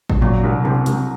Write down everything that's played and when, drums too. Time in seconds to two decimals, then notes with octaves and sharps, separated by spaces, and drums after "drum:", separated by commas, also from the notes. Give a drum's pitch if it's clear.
0.10 drum: kick A1
0.21 A#2 F#3
0.44 C2
0.64 C2 C3
0.86 C2, drum: hi-hat